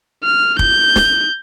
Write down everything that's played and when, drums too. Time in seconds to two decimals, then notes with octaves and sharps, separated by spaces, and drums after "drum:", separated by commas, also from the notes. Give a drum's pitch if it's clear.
0.24 F6
0.59 G6, drum: kick
0.96 drum: snare